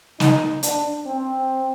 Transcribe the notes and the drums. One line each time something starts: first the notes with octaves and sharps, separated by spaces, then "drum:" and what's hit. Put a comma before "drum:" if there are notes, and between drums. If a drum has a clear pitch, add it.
D#4, drum: snare
D4, drum: hi-hat
C4